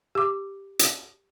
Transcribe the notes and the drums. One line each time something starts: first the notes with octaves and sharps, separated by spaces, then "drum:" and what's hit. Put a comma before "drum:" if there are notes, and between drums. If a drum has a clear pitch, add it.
G4 D6
drum: hi-hat